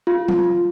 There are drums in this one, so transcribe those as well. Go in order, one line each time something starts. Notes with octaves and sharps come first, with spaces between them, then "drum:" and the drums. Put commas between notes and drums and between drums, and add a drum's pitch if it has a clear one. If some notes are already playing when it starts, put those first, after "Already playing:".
F4
drum: tom